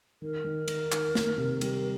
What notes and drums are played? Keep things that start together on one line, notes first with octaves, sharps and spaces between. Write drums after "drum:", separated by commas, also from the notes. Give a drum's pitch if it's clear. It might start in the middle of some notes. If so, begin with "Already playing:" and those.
D#3 A#4
D#3
D#3, drum: cymbal
D#3, drum: clap
A#3, drum: snare
C3
G3, drum: cymbal